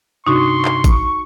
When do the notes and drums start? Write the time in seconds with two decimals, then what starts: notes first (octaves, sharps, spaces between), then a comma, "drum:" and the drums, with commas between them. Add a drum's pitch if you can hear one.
0.27 G2 C3 D4 D#4 F#4 C6 C#6
0.65 drum: clap
0.84 drum: kick G#1, tambourine